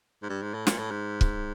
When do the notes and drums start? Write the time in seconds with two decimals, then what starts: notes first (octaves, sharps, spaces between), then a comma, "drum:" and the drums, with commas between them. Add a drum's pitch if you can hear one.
0.22 G#2
0.30 G2
0.43 G#2
0.54 A2
0.67 A#2, drum: snare
0.79 A2
0.91 G#2
1.21 drum: kick